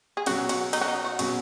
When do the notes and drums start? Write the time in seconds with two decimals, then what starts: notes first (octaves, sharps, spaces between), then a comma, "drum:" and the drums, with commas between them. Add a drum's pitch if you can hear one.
0.17 G#4
0.26 B2 F#3 C#4 F#4, drum: cymbal
0.49 F#4, drum: cymbal
0.73 D#4, drum: cymbal
0.81 F#4
0.88 D#4
1.04 F#4
1.19 B2 F#3 C#4 F#4 G#4, drum: cymbal